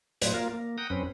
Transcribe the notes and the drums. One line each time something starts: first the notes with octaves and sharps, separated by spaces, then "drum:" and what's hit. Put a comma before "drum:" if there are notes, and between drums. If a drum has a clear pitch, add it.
A2 F#3 B4 C5 G#6, drum: hi-hat
A#3 F4 A#4 F5
A#3
F#5 G5 A#5 D#6
F#2 C4 C#4 B4